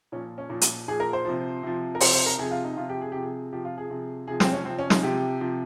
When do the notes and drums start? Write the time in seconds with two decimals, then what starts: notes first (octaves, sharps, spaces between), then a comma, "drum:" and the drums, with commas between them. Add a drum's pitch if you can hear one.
0.12 A#2 F3 C#4
0.38 C#4
0.50 A#2 F3
0.61 drum: hi-hat
0.88 A#2 F3 G#4
1.00 A#4
1.13 C5
1.25 C3 F3
1.63 C3 F3
1.95 A#4
2.00 C3 F3 C5, drum: open hi-hat
2.14 C5
2.26 A#4
2.38 C3 F3 G#4
2.51 F4
2.64 D#4
2.77 C3 F3 F4
2.89 G4
3.01 G#4
3.12 C3 F3 G4
3.22 G#4
3.53 C3 F3 G4
3.65 F4
3.78 G#4
3.90 C3 F3
4.28 C3 F3 G#4
4.40 C4, drum: snare
4.53 C#4
4.65 C3 F3 C4
4.79 C#4
4.90 D#4, drum: snare
5.03 C3 F3 G4
5.41 C3 F3